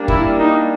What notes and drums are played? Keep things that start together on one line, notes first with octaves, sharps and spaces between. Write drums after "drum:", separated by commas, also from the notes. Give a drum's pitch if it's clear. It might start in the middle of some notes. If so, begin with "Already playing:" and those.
Already playing: G3 A#3 D4
E4, drum: kick
D#4